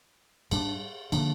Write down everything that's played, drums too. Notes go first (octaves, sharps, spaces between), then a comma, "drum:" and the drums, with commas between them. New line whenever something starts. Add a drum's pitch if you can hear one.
G#2 G3 D4, drum: cymbal
D3 F3 A#3 D4, drum: cymbal